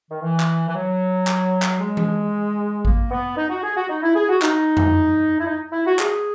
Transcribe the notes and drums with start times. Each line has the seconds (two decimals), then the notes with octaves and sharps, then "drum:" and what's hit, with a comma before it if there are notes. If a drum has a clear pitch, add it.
0.11 D#3
0.22 E3
0.40 drum: clap
0.68 E3
0.75 F#3
1.27 drum: clap
1.62 drum: clap
1.80 G#3
1.97 drum: tom E3
2.85 A#3, drum: kick G#1
3.11 B3
3.37 D#4
3.50 F#4
3.64 G#4
3.77 F#4
3.89 D#4
4.03 E4
4.16 G#4
4.29 F#4
4.42 D#4, drum: clap
4.77 drum: tom F2
5.40 E4
5.47 D#4
5.72 E4
5.86 F#4
5.99 G#4, drum: clap